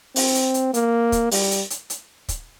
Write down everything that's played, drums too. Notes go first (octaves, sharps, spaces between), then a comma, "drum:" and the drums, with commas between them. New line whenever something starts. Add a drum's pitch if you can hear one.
C4, drum: open hi-hat
drum: hi-hat
drum: hi-hat
A#3, drum: hi-hat
drum: kick, hi-hat
G3, drum: open hi-hat
drum: hi-hat
drum: hi-hat
drum: hi-hat
drum: kick, hi-hat